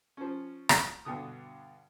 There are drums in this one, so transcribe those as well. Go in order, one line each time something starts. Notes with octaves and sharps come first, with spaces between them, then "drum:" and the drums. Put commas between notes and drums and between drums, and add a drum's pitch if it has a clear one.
F3 C#4
drum: rim click
G2 B2 D3 D#6